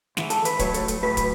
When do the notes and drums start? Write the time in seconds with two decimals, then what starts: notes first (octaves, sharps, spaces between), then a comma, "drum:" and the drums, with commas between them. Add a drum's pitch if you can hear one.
0.17 G#2 E3, drum: snare
0.30 A4, drum: hi-hat
0.45 B4, drum: hi-hat
0.59 A2 F#3 C#5, drum: kick, hi-hat
0.74 A4, drum: hi-hat
0.88 drum: hi-hat
1.03 A2 F#3 B4
1.17 drum: kick, hi-hat